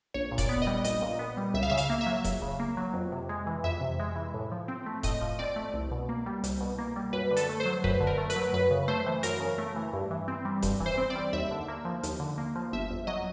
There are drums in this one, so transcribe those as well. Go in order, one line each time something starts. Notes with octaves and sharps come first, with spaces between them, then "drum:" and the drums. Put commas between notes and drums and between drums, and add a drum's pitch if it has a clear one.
A#1 C#5
A#2
D5, drum: kick D#1, hi-hat
B3
D#5
G3
A#1 D#5, drum: hi-hat
A#2
B3
G3
C#2 E5
F5
C#3 E5
F5, drum: hi-hat
A#3
E5
F#3
C#2, drum: kick D#1, hi-hat
C#3
A#3
F#3
F2
C3
G#3
E3
F2 E5
C3
G#3
E3
A2
F3
C4
A3
A2 D#5, drum: kick D#1, hi-hat
F3
C4 D5
A3
C2
B2
A#3
G3
C2, drum: hi-hat
B2
A#3
G3
F#2 B4
D3
A4, drum: hi-hat
A3
C5
F#3
F#2 B4, drum: kick D#1
D3
A#4
A3
B4, drum: hi-hat
F#3
F#2 B4
C#3
A3 C5
E3
F#2 A#4, drum: hi-hat
C#3
A3
E3
G2
E3
C4
G3
G2, drum: kick D#1, hi-hat
E3
C5
C4
D5
G3
D#2 E5
D3
A#3
F3
D#2, drum: hi-hat
D3
A#3
F3
G1 E5
F2
F#3 D#5